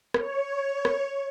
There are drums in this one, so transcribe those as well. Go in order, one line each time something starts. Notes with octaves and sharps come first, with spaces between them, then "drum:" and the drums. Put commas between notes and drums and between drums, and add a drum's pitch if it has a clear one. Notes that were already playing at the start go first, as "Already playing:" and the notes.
C#5, drum: rim click
drum: rim click